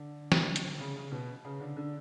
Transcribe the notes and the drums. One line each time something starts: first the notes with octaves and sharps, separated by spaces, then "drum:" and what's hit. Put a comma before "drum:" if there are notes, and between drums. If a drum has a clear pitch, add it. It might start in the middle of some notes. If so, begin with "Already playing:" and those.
Already playing: D3
drum: snare
drum: hi-hat
C#3
C#3
B2
C#3
D3
D3